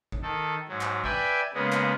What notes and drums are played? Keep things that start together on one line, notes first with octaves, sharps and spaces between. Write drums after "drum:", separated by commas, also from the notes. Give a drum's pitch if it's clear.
drum: kick
D#3 A4
G#2 F#3
drum: clap
B4 D5 E5 G5 G#5, drum: kick
C#3 G#3 A#3 B3
drum: clap